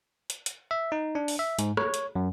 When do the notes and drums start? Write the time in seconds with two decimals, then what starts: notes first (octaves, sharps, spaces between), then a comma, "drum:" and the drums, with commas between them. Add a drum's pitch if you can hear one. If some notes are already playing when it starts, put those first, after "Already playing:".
0.30 drum: hi-hat
0.46 drum: hi-hat
0.71 E5
0.92 D#4
1.15 D4
1.28 drum: open hi-hat
1.39 E5
1.59 G#2, drum: hi-hat
1.77 C#5, drum: rim click
1.94 drum: hi-hat
2.15 F#2